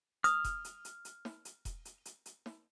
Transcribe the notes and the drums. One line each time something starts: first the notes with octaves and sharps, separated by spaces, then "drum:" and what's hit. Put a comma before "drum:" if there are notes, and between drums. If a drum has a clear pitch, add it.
D#6 F6, drum: hi-hat
drum: kick E1, hi-hat
drum: hi-hat
drum: hi-hat
drum: hi-hat
drum: snare
drum: hi-hat
drum: kick E1, hi-hat
drum: hi-hat
drum: hi-hat
drum: hi-hat
drum: snare